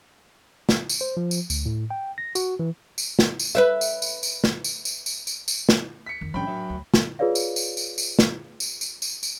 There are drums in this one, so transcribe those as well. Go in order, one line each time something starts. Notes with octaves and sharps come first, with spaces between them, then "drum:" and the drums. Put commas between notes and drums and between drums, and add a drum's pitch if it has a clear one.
drum: snare
drum: tambourine
C5
F3
drum: tambourine
D2, drum: tambourine
A2
G5
A#6
F#4, drum: tambourine
E3
drum: tambourine
drum: snare
drum: tambourine
B4 C5 E5
drum: tambourine
drum: tambourine
drum: tambourine
drum: snare
drum: tambourine
drum: tambourine
drum: tambourine
drum: tambourine
drum: tambourine
drum: snare
B6 C#7
F2 D#3
A2 F3 G3 C#4 D4 G5 B5
F#3 E5
D2
drum: snare
F4 G#4 B4 C#5 D5 F5
drum: tambourine
drum: tambourine
drum: tambourine
drum: tambourine
drum: snare
drum: tambourine
drum: tambourine
drum: tambourine
drum: tambourine